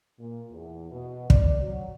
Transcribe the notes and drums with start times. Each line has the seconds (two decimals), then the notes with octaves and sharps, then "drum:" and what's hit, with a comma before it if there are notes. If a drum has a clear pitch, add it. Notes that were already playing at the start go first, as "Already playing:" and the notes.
0.19 A#2
0.51 E2
0.91 B2
1.30 D5, drum: kick
1.61 F#3